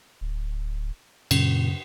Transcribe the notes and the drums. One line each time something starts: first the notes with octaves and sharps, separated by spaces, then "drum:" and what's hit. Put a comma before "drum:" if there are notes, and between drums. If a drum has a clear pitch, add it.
D1
F#2 A#2 C#3, drum: cymbal